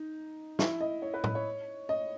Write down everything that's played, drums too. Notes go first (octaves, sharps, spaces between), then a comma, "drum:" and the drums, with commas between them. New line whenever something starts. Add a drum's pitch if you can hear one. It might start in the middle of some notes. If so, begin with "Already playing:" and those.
Already playing: D#4
E4, drum: snare
D#5
C#5
B4
B4, drum: tom A2
C#5
D#5